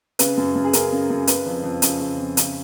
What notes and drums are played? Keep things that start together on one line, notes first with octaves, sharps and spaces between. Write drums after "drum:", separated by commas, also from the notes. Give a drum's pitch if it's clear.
C#3 B4, drum: hi-hat
F#2
F#2
G#4
C#3 A#4, drum: hi-hat
C#3
F#2
C#3 B4, drum: hi-hat
F2
F2
C#3, drum: hi-hat
C#3
F2
C#3, drum: hi-hat